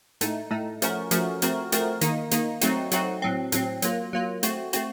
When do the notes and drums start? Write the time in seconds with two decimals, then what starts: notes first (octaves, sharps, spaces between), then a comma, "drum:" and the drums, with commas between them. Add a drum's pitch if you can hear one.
0.21 A2 A3 D#4, drum: hi-hat
0.51 A2 A3 D#4
0.82 F3 A3 C#4 F#4 A#4, drum: hi-hat
1.11 F3 A3 C#4 F#4 A#4, drum: hi-hat
1.42 F3 A3 C4 F#4 A#4, drum: hi-hat
1.72 F3 A3 C4 F#4 A#4, drum: hi-hat
2.01 D#3 A#3 D#4, drum: hi-hat
2.31 D#3 A#3 D#4, drum: hi-hat
2.61 F#3 A3 C4 D#4 F#4, drum: hi-hat
2.91 F#3 A3 C4 D#4 F#4, drum: hi-hat
3.22 A2 F#3 C4
3.52 A2 F#3 C4, drum: hi-hat
3.82 F#3 A#3 F4, drum: hi-hat
4.13 F#3 A#3 F4
4.43 A3 C4 F#4, drum: hi-hat
4.73 A3 C4 F#4, drum: hi-hat